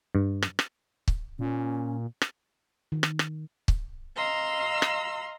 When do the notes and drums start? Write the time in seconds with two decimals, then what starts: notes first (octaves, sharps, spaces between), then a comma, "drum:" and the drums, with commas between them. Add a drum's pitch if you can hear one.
0.15 G2
0.42 drum: rim click
0.59 drum: rim click
1.08 drum: kick
1.39 A#2 C#4
2.22 drum: rim click
2.92 D#3
3.03 drum: rim click
3.19 drum: rim click
3.68 drum: kick
4.17 D#5 F5 A#5 C6 E6
4.82 drum: rim click